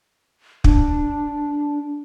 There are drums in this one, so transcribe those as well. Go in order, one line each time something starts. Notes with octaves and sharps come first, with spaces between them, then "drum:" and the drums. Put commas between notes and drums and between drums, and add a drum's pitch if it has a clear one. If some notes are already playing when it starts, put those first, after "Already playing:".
D4, drum: kick